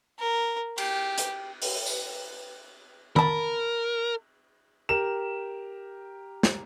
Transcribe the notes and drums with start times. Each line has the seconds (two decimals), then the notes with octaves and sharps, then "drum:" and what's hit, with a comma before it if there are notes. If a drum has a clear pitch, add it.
0.19 A#4
0.78 G4, drum: cymbal
1.18 drum: hi-hat
1.62 drum: open hi-hat
1.86 drum: tambourine
3.16 A#4 A5 B5, drum: tom D#3
4.89 G4 A#4 E7
6.43 drum: snare